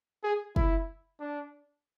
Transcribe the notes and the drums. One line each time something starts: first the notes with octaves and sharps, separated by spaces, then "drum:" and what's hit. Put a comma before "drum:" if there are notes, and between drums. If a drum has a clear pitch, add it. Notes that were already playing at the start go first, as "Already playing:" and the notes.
G#4
E4, drum: kick
D4